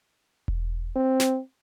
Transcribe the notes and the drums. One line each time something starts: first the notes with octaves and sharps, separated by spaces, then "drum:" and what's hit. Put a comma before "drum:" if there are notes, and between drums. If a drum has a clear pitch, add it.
drum: kick E1
C4
drum: snare